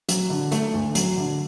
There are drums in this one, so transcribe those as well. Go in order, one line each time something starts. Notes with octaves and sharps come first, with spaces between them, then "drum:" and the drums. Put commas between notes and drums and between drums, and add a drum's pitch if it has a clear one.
F#3, drum: hi-hat
D3
A3, drum: hi-hat
D2
F#3, drum: hi-hat
D3